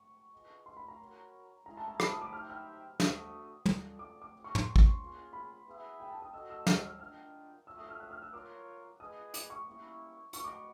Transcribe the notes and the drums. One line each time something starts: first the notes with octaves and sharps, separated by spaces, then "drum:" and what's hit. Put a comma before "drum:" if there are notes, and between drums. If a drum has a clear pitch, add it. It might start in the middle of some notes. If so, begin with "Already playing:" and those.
Already playing: C#6
F4 G#4 B4 D#5
C6
B5
A#5
F#4 A#4 C#5
G#3 C#4 E4 G#4 A#5
A5
A#5
B5, drum: rim click
D#6
D6
D#4 G4 C5 E5 G5 F6
F6
A3 D4 F#4 D#6, drum: snare
C#4 F4 A4 D5, drum: tom
D6
D6
C4 F4 G#4 C#5
C#6
C6, drum: tom
drum: kick
A#3 C#4 F4 G#4
B5
B3 E4 G#4 B4 E5
G5
A5
D#6
F#4 A4 C5 D#5 E6
E6
F6, drum: snare
F6
D4 F4 A#4 D#5 G5 F6
F4 A4 C#5 E5 E6
D#6
F6
F#6
F6
E6
F4 A#4 C#5 D6
F4 G#4 B4 D#5 D#6
D6, drum: hi-hat
C#6
G3 A#3 C#4 E4
F#4 B4 D#5 C#6, drum: hi-hat
D6